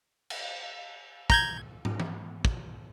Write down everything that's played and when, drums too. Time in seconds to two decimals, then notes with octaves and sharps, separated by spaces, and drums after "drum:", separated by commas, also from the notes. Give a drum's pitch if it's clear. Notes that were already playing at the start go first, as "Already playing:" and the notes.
0.30 drum: cymbal
1.30 A#5 G6 G#6, drum: kick
1.85 drum: tom
2.00 drum: tom
2.45 drum: kick